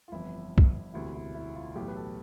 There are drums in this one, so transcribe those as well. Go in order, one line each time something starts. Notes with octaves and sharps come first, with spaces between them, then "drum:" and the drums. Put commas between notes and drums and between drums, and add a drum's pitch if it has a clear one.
F4
G1 F2 E3 E4
drum: kick
E1 D2 C3 E3 E4
E4
E4
F4
B1 A2 E3 G4
B4
A4